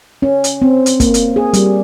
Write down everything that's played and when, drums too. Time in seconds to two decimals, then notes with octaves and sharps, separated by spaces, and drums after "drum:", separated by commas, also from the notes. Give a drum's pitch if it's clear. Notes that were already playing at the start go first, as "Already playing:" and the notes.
0.22 C#4
0.44 drum: hi-hat
0.62 C4
0.86 drum: hi-hat
1.00 A#3, drum: kick, hi-hat
1.14 drum: hi-hat
1.36 G#4
1.53 G3, drum: hi-hat